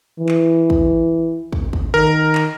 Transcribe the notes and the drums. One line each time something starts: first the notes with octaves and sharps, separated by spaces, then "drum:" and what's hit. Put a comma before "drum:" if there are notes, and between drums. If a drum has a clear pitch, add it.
E3
drum: clap
drum: kick
drum: kick
drum: kick
D#3 A#4
drum: clap